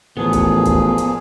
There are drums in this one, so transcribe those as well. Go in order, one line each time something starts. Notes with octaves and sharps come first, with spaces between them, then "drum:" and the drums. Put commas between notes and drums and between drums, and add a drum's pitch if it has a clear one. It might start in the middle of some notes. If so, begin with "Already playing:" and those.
A1 A#2 F3 B3 G#4
drum: kick, hi-hat
drum: kick, hi-hat
drum: hi-hat